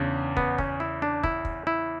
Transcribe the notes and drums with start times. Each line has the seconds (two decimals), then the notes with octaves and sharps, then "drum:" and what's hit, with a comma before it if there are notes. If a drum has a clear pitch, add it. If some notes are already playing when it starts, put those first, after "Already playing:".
Already playing: E2 C#3 D4
0.37 B3, drum: kick
0.58 C#4, drum: kick
0.80 E4
1.02 D4
1.24 E4, drum: kick
1.45 drum: kick
1.67 E4